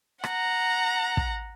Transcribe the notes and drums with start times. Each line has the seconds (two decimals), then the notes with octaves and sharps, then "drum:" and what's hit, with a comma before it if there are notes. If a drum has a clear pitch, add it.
0.24 F#5 A#5, drum: rim click
1.17 drum: kick